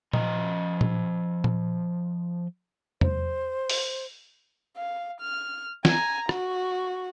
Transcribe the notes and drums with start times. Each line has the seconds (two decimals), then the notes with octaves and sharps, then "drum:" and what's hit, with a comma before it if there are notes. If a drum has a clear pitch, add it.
0.13 F3 D#5 A#5, drum: tom A#2
0.81 drum: tom A#2
1.44 drum: tom A#2
3.01 C5, drum: tom E2
3.70 drum: open hi-hat
4.76 F5
5.21 F6
5.85 G#5 A#5, drum: snare
6.29 F#4, drum: rim click